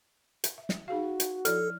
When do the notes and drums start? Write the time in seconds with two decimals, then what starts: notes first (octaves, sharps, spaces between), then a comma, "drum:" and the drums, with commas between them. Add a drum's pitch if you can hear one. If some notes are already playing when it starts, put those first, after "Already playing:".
0.44 drum: hi-hat
0.58 E5
0.69 drum: snare
0.88 D#4 F#4 G#4 F5
1.20 drum: hi-hat
1.45 F3 E4 A4 D5 F6, drum: hi-hat